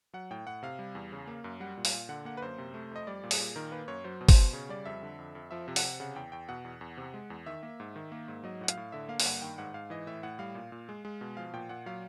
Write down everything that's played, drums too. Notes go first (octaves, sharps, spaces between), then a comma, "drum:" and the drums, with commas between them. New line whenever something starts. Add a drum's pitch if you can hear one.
F#3 F#5
A2 G5
A2 F#5
C3 F5
G3
E2
C#3
A#3
F#2
G3 F#5
A#2
F5, drum: open hi-hat
A#2
D3 F#5
A#3 F#5
B4
F#2 C5
C3
A3
F2 D#5
G3 D5
A#2
G#4, drum: open hi-hat
A#2
D#3 A#4
A#3 B4
F#2 C#5
F#3 C5
B2
C5, drum: kick, open hi-hat
B2
C#3 C#5
G3 D5
F2 E5
D3
F2
F2
F3 E5
C3
F#5, drum: open hi-hat
C3
C#3 F#5
E2 G5
E2 G5
B2 F#5
E2
E2
C3
G#3
E2
D#3 E5
A#3
G#2
D#3
A#3
G#2
F#3 D#5
A2 F#5
F5, drum: hi-hat
A2
D3 E5
A#3 F5
F5, drum: open hi-hat
G2 F#5
D#3 G5
G#2 F#5
G#2 F5
E3 D#5
A2 E5
A2 F#5
G3 F5
A#2
A#2
G#3
G#3
B2
F3 F5
A#2 G5
A#2 F#5
F#3 F5